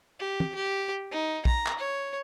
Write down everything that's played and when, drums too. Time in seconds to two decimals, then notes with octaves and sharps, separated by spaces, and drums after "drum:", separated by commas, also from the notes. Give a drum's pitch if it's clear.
0.19 G4
0.40 drum: tom
0.55 G4
1.11 D#4
1.45 A#5, drum: kick
1.66 drum: clap
1.79 C#5